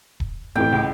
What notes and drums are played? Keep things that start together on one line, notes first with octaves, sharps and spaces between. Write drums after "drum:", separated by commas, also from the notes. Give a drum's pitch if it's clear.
drum: kick D#1
A1 F2 A2 E3 A4 G5 D6
C#2